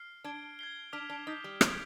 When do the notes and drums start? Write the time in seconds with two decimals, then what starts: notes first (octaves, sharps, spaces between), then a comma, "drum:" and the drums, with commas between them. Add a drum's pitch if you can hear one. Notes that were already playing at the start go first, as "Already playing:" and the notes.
Already playing: F6 C7
0.24 D4 G#6 D7 G7
0.59 G#6 C7 G7
0.93 D4 D6 F6 B6 F7
1.10 D4
1.27 D#4 D#6 G6 B6
1.44 G3
1.61 G#6 D7 F7, drum: rim click